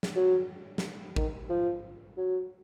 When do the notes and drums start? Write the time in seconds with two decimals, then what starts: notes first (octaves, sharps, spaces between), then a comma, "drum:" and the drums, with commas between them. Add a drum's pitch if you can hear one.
0.03 drum: snare
0.16 F#3
0.78 drum: snare
1.16 D#3, drum: kick
1.49 F3
2.17 F#3